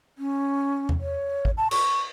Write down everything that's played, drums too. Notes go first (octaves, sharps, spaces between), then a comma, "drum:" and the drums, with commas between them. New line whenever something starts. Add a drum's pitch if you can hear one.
C#4
drum: tom E2
C#5
drum: kick
A5
C#6, drum: cymbal